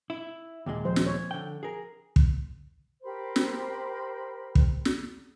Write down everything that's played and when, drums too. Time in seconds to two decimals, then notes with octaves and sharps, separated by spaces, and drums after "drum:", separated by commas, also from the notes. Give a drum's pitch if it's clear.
0.10 E4
0.66 D#2 A#2 G#3
0.85 F3 C5
0.96 drum: snare
1.06 C#5
1.31 D3 G5
1.63 G#4 A#4
2.16 drum: kick
3.03 G4 A#4 C5 B5
3.36 drum: snare
4.55 drum: kick
4.85 drum: snare